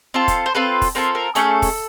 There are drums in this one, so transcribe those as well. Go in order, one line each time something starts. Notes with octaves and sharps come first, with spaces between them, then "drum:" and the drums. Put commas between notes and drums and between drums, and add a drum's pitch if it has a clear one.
C4 F4 A4
drum: kick, hi-hat
C5
C4 F4 A4 B4
drum: kick, open hi-hat
C4 F4 A4 A#4
A#4
A3 C#4 G#4 A4, drum: hi-hat
drum: kick, open hi-hat